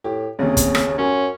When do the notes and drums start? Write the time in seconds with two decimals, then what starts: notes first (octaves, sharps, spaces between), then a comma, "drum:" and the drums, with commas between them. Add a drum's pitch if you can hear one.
0.04 A2 G4
0.39 G1 D#2 C#3 A#3 C4 C#4
0.57 drum: kick, hi-hat
0.75 drum: rim click
0.98 F#2 C#4 F#5 C6